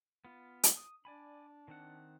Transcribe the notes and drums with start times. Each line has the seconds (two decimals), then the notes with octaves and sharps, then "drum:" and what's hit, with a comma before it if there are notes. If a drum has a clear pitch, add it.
0.25 B3 F4
0.63 drum: hi-hat
0.77 D#6
1.05 D4 D5 G#5 B5
1.68 D#3 C4 F#5